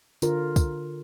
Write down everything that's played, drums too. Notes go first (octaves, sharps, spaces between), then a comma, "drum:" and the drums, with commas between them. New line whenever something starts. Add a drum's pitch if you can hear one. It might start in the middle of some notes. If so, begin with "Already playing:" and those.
D3 F4 A#4, drum: tambourine
drum: kick, tambourine